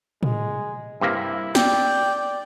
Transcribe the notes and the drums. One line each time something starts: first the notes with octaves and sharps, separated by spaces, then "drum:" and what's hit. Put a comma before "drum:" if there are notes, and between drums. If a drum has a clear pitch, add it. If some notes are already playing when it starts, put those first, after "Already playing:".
G#3, drum: tom A2
G2 C3 A#3 E4
D5 G5, drum: snare